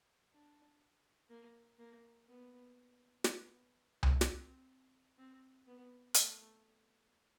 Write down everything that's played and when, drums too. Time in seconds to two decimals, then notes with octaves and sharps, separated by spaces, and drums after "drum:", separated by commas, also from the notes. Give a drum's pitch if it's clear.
0.34 D4
1.30 A#3
1.79 A#3
2.27 B3
3.24 B3, drum: snare
4.03 drum: tom C2
4.21 C4, drum: snare
5.18 C4
5.66 B3
6.14 A3, drum: hi-hat